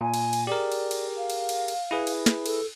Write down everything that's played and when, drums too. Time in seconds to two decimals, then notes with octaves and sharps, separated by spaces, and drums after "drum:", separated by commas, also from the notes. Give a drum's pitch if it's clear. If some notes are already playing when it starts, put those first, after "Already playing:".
0.01 A#2 G#5
0.14 drum: cymbal
0.33 drum: cymbal
0.47 G4 G#4 A#4 D5
0.72 drum: cymbal
0.91 drum: cymbal
1.17 F5
1.30 drum: cymbal
1.49 drum: cymbal
1.68 drum: cymbal
1.91 E4 G#4 B4
2.07 drum: cymbal
2.26 drum: snare
2.46 A4, drum: cymbal